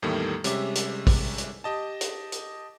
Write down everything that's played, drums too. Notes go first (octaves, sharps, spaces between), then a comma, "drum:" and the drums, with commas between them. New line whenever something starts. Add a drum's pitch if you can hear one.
E2 A2 D#3 G3 A3 A#3
C3 G3 G#3 C#4 E5 D6, drum: hi-hat
drum: hi-hat
drum: kick, open hi-hat
drum: hi-hat
G4 D#5 A5
drum: hi-hat
drum: hi-hat